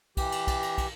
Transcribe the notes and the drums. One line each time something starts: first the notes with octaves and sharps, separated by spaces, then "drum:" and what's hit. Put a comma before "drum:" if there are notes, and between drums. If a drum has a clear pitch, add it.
E3 G4, drum: kick, cymbal
drum: cymbal
drum: kick, cymbal
drum: cymbal
drum: kick, cymbal